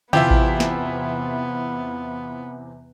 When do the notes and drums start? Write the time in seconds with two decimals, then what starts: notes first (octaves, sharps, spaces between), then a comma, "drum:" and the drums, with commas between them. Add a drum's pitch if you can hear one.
0.13 E2 C3 B3 E4 F4 G4 E5, drum: tom C#3
0.30 drum: kick A1
0.60 drum: snare